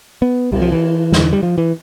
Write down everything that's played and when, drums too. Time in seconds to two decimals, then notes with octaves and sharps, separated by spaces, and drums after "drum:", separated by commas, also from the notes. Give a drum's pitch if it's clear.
0.22 B3
0.52 C2 C3 G3, drum: cymbal
0.62 F3
0.72 E3
1.12 E2 D3, drum: snare
1.33 G3
1.43 F3
1.58 E3